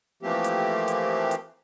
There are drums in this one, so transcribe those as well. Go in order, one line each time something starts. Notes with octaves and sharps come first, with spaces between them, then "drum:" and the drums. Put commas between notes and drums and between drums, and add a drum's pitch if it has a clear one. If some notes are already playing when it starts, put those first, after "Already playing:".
E3 F3 A3 A#3 C4 G4
drum: hi-hat
drum: hi-hat
drum: hi-hat